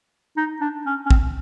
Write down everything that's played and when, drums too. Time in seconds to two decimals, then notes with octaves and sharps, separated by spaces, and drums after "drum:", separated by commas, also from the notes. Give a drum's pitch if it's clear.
0.37 D#4
0.61 D4
0.86 C#4
1.06 C#4
1.11 C4, drum: kick